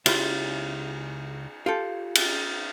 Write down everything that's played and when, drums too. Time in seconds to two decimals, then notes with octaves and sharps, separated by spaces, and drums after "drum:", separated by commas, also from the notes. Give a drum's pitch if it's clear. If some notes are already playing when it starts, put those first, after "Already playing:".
0.06 C#2 E4 F4 G4 B5, drum: cymbal
1.66 F4 G4 A4
2.15 drum: cymbal